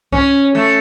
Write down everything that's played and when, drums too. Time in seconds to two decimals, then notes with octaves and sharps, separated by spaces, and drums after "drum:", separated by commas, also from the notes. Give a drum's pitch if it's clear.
0.12 C#4, drum: kick C2
0.55 A3